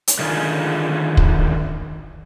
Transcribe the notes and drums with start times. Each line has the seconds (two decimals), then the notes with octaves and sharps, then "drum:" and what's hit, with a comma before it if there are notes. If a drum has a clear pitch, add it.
0.08 drum: hi-hat
0.19 D3 D#3 C#4 F4 G#4
1.17 drum: kick